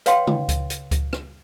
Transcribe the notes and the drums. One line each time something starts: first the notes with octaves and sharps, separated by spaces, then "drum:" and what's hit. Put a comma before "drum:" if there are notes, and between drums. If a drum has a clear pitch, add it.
B4 C#5 F5 G5 C6, drum: hi-hat
drum: tom
drum: kick C#2, hi-hat
drum: hi-hat
drum: kick C#2, hi-hat
drum: rim click